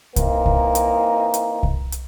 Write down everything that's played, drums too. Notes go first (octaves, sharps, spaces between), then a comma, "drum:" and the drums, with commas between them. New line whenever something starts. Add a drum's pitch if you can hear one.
E3 A#3 C4 D#4, drum: kick C2, hi-hat
drum: kick C2
drum: hi-hat
drum: hi-hat
drum: kick C2
drum: hi-hat